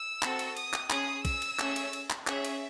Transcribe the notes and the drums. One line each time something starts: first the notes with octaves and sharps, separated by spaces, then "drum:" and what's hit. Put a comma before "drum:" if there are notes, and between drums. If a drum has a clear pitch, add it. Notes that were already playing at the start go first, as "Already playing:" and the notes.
Already playing: E6
C4 F#4 A4, drum: clap
drum: cymbal
D#6, drum: cymbal
drum: clap
C#4 G#4 D#6, drum: clap
E6, drum: kick, cymbal
drum: cymbal
A3 C#4 G#4, drum: clap
drum: cymbal
drum: cymbal
drum: clap
C#4 G#4 E5, drum: clap
drum: cymbal